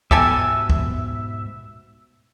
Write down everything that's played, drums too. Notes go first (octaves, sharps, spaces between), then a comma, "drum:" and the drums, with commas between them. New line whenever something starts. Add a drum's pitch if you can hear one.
G#2 B2 B3 G4 A4 E5 G#5, drum: kick
drum: kick